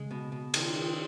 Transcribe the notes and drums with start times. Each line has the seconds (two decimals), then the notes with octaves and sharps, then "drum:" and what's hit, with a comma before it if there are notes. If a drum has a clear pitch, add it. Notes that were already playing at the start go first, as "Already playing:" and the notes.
Already playing: C#3 G#3
0.11 B2
0.32 B2
0.54 D#3, drum: cymbal
0.76 D#3